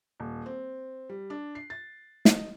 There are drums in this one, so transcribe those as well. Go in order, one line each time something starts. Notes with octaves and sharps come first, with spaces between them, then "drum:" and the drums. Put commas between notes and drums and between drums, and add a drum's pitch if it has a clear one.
D#1
C4
G3
D4
C7
A6
D#5, drum: snare